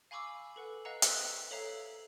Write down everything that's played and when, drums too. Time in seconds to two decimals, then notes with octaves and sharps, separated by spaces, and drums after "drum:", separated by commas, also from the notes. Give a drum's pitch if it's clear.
0.11 F5 G#5 B5 C#6 D6 E6
0.56 A4 B4 F#5
0.85 B4 D#5 F5 F#5 A#5
1.02 C5 E5 D#6 E6 F#6, drum: hi-hat
1.51 A4 C#5 E5 F5 A#5